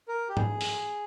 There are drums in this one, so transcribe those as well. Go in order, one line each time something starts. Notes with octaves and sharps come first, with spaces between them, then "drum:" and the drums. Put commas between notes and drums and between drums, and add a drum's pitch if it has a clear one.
A#4
G4
G#4, drum: tom G#2
drum: open hi-hat